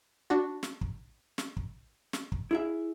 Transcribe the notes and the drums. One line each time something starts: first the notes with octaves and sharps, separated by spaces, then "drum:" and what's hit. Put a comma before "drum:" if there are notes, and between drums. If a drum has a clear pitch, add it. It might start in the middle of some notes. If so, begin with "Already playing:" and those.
D4 F#4
drum: snare
drum: kick
drum: snare
drum: kick
drum: snare
drum: kick
E4 G#4 E5